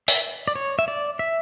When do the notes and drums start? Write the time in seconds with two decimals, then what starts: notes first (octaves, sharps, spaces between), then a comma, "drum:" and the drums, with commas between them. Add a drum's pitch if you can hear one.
0.08 E5, drum: open hi-hat
0.48 D5
0.55 C#5
0.79 E5
0.88 D5
1.19 E5